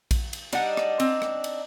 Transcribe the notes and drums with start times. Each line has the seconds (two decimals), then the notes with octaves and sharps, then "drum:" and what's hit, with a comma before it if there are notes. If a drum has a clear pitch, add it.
0.11 drum: kick A#1, cymbal
0.33 drum: cymbal
0.53 G3 D4 D#4 F#5, drum: cymbal
0.77 drum: rim click
1.00 C4, drum: cymbal
1.22 drum: rim click
1.44 drum: cymbal